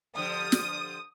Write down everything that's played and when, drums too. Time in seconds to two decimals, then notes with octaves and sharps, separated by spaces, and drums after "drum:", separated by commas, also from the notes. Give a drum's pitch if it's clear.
0.16 G2 D3 F3 D#6
0.52 drum: snare